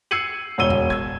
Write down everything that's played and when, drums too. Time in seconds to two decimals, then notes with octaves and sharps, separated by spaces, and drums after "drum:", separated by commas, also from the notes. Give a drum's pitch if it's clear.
0.11 E6 G#6 C7 C#7 D#7 F#7
0.58 E1 C#5 E6 D#7 G7
0.70 drum: tom F2
0.90 E6 G#6, drum: kick